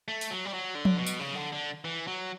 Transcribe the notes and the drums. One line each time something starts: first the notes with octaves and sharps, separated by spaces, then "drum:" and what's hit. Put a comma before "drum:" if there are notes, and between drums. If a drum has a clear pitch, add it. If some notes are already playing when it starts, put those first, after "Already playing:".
A3
drum: open hi-hat
F#3
G3
F#3
D3
drum: tom F3
B2
drum: tambourine
C#3
D3
D3
E3
F#3